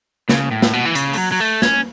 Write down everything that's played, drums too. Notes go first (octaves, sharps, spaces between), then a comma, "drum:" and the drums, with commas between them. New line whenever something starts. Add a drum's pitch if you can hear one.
C#3, drum: snare
A2
drum: snare
B2
E3
C#3, drum: hi-hat
A3, drum: open hi-hat
F#3
F#3
A3
C#4, drum: snare